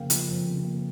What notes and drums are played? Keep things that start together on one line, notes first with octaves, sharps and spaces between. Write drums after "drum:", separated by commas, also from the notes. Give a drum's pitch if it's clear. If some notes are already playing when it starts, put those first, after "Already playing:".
Already playing: F2 C#3 A#3 F5 G5
F3, drum: hi-hat
F2
C#3
A#3